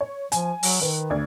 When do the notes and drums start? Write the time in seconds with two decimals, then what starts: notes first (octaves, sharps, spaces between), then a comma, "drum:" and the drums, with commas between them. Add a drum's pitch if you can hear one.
0.01 C#5
0.32 F3 G#5, drum: hi-hat
0.63 F#3, drum: open hi-hat
0.82 D#3 B4
1.10 D2 D5 G#6